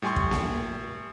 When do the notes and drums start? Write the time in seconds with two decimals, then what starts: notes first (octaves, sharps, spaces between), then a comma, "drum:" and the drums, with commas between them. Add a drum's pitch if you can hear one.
0.02 A2 G3 G#5 C6 C#6
0.16 drum: kick
0.31 drum: snare A#3